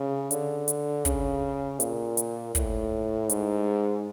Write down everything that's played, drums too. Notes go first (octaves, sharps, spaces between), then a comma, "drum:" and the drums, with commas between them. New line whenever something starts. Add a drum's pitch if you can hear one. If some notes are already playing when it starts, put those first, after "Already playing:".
Already playing: C#3
D3, drum: hi-hat
drum: hi-hat
C#3, drum: kick, hi-hat
A#2, drum: hi-hat
drum: hi-hat
A2, drum: kick, hi-hat
G#2, drum: hi-hat